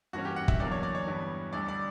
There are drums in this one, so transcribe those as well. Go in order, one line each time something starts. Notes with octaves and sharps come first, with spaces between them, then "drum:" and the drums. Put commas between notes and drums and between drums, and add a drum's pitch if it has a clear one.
G2 E3 A#3 C#4 F#4
G4
F#5
E5, drum: kick
E2 D3 F#3 A#3 D5
C#5
D5
C#5
G2 E3 G3 B3
D2 D3 G3 D5
D5